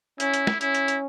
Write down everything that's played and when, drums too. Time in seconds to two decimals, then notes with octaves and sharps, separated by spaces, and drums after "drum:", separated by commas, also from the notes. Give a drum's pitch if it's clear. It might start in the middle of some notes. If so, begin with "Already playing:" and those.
0.20 C#4 E4, drum: hi-hat
0.34 drum: hi-hat
0.47 drum: snare
0.61 C#4 E4, drum: hi-hat
0.75 drum: hi-hat
0.88 drum: hi-hat